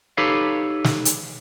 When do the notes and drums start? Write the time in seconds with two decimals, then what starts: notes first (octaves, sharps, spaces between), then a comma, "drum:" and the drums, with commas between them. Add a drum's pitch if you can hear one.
0.17 D#4 G4 A4 B4 C#5 F5
0.84 drum: snare
1.05 drum: hi-hat